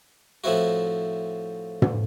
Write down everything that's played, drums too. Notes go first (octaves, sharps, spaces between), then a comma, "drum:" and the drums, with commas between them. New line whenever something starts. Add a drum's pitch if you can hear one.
A2 F3 C4 E4 F#4
drum: tom